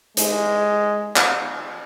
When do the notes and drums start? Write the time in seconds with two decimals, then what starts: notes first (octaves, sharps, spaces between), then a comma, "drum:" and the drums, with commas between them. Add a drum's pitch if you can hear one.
0.17 G#3, drum: hi-hat
1.17 drum: clap